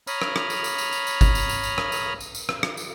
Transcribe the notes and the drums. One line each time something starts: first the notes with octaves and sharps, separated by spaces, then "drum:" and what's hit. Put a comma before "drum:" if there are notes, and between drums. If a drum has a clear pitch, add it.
C#5 A#5 B5 D#6 F6, drum: tambourine
drum: rim click
drum: rim click
drum: tambourine
drum: tambourine
drum: tambourine
drum: tambourine
drum: tambourine
drum: kick, tambourine
drum: tambourine
drum: tambourine
drum: tambourine
drum: rim click
drum: tambourine
drum: tambourine
drum: tambourine
drum: rim click
drum: rim click
drum: tambourine